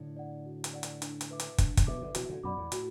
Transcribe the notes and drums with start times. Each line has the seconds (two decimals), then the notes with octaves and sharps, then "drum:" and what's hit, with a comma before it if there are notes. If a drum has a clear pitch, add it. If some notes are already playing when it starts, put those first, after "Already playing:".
Already playing: A2 D3
0.16 D5 F#5
0.46 F#4
0.64 drum: hi-hat
0.73 D5 F#5
0.83 drum: hi-hat
1.02 D4, drum: hi-hat
1.21 drum: hi-hat
1.30 B4 E5 D6
1.40 drum: hi-hat
1.58 D4, drum: kick, hi-hat
1.77 drum: kick, hi-hat
1.87 B2 B4 E5 D6
2.02 D3
2.15 B2 E3 F#4, drum: hi-hat
2.29 A2 D3
2.44 F#2 B2 D5 F#5 B5 D6
2.57 E2 A2
2.72 A2 F#4, drum: hi-hat